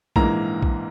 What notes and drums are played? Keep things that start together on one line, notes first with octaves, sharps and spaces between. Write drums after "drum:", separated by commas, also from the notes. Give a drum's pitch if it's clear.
A#1 G#2 E3 A#3 A#5, drum: kick A#1
drum: kick A#1